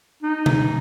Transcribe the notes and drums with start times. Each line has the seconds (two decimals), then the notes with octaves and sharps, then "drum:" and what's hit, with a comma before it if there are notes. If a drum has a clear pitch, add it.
0.23 D#4
0.46 drum: tom B2